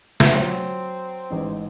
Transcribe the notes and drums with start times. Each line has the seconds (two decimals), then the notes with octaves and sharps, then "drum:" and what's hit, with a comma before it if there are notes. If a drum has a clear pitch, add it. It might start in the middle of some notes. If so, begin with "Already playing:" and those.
0.20 E4 F#4, drum: snare
0.35 F#3 C4
1.30 A1 G#2